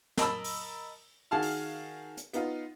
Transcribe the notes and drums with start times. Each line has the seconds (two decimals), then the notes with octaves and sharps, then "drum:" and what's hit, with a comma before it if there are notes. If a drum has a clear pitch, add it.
0.17 A#4 D#5 A5 B5 E6, drum: snare
0.44 drum: open hi-hat
1.31 D#3 F#4 G#4 F5 A5 F6
1.42 drum: open hi-hat
2.17 drum: hi-hat
2.33 B3 D#4 F4, drum: hi-hat